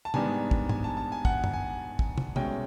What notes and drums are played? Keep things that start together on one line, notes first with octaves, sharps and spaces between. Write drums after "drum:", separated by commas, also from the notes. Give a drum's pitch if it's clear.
A5
G#2 D#3 G3 B3 D4 G#5, drum: tom
drum: kick
G#5, drum: tom
A5
A5
G#5
F#5, drum: kick
drum: tom F#2
G#5
drum: kick
drum: tom
C2 B2 G#3 C#4 G5, drum: tom